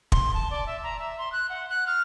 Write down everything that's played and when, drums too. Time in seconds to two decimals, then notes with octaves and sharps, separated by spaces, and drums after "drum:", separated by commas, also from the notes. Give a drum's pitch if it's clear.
0.12 C6, drum: kick
0.34 A5
0.50 D5
0.67 E5
0.83 A#5
0.99 E5
1.18 C6
1.32 F#6
1.49 F#5
1.69 F#6
1.87 F6